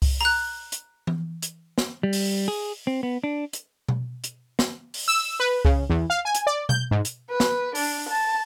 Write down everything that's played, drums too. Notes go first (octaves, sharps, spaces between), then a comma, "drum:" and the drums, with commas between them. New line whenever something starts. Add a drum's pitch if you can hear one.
drum: kick C2, open hi-hat
A#5 F#6
drum: hi-hat
drum: tom E3
drum: hi-hat
drum: snare
G3
drum: open hi-hat
G#4
C4
B3
D4
drum: hi-hat
drum: tom B2
drum: hi-hat
drum: snare
drum: open hi-hat
E6
B4
C#3, drum: kick C2
E2
F5
G#5
drum: hi-hat
D5
G6, drum: tom B2
G#2
drum: hi-hat
B4
drum: snare
D4, drum: open hi-hat
A5